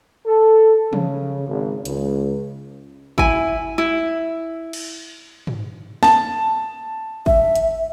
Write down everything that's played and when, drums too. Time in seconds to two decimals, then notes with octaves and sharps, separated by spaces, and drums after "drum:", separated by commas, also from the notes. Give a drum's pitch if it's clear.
0.26 A4
0.93 C#3, drum: tom
1.47 G#1
1.85 C#2, drum: hi-hat
3.18 E4 G#5, drum: kick
3.78 E4
4.73 drum: cymbal
5.47 drum: tom
6.03 A5, drum: snare
7.26 E5, drum: kick
7.56 drum: hi-hat